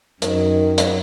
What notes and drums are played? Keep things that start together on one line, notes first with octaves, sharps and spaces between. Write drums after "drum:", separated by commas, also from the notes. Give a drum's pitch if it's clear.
F#2 D#3, drum: hi-hat
drum: hi-hat